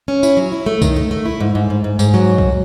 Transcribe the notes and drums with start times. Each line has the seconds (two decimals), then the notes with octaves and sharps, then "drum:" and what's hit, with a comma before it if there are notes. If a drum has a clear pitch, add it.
0.08 C#4
0.23 E4, drum: tambourine
0.37 F#3
0.52 E4
0.66 A3
0.82 D#3, drum: kick C2, tambourine
0.96 A3
1.11 A3
1.26 E4
1.40 G#2
1.55 G#2
1.70 G#2
1.84 G#2
1.99 G#2, drum: tambourine
2.14 F#3
2.38 drum: kick C2